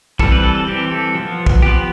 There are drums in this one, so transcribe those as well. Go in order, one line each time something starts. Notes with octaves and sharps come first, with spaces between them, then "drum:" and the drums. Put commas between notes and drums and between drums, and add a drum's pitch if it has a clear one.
E3 G3 C4 A4, drum: kick
B4
A4
A4
E3 G3 C4 G4
A4
F3 B3
drum: kick
F3 B3 G4